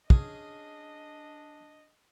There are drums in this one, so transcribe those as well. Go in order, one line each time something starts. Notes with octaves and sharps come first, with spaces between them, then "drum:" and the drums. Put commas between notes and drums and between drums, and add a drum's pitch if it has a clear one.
C#4 D4 G#4 D#5, drum: kick